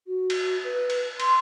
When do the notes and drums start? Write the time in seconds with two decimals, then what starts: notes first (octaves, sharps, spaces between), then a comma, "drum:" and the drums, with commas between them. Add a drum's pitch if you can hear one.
0.07 F#4
0.30 drum: cymbal
0.64 B4
0.90 drum: cymbal
1.20 C6, drum: cymbal